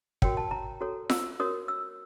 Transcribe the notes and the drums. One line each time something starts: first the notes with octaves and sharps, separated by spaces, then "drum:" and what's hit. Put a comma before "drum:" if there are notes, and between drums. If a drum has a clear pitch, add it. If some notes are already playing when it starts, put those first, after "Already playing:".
F#4 A#4 C#5 G5, drum: kick
A5
A#5
F#4 A4 C#5
E6, drum: snare F4
F#4 A#4 C#5 D#6
E6